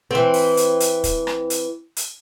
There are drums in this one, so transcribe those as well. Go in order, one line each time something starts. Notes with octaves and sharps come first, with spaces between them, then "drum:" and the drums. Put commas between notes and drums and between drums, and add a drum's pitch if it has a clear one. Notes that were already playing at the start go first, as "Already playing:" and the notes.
E3 C4
drum: open hi-hat
drum: hi-hat
drum: hi-hat
drum: kick, hi-hat
drum: rim click
drum: hi-hat
drum: hi-hat